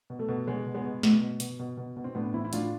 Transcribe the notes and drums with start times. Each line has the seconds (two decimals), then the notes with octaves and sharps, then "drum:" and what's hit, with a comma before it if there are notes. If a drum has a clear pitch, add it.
0.10 B2
0.19 A3
0.28 B2
0.47 B2 G#3
0.66 B2
0.74 G#3 B3
0.85 B2
1.03 B2, drum: snare
1.21 B2
1.40 B2, drum: hi-hat
1.59 B2
1.77 B2
1.97 B2
2.04 C4
2.15 A2 B3 D4
2.34 E3 C4 E4
2.45 E4
2.53 A2 D4 F4, drum: hi-hat